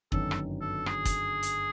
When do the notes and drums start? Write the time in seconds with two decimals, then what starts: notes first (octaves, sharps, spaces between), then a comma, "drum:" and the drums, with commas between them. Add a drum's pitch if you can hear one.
0.12 G1 F#2 D#3 F#3 A4, drum: kick
0.31 drum: rim click
0.61 A4
0.86 G#4, drum: rim click
1.05 drum: kick, hi-hat
1.43 drum: hi-hat